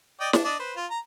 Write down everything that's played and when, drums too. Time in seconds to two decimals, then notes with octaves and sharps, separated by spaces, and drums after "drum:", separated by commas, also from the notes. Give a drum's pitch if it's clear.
0.21 D5 D#5 G5
0.33 D4, drum: snare
0.45 D4 D5 D#5
0.59 B4 C5
0.77 F4
0.90 A#5